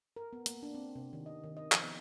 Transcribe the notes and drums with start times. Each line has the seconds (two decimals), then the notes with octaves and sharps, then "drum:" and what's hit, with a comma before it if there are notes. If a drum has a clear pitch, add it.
0.16 A#4
0.33 B3
0.46 A#3, drum: hi-hat
0.63 D4
0.75 C4
0.96 C3
1.13 D#3
1.26 D#5
1.44 D#3
1.57 D#5
1.72 F3, drum: clap
1.84 B3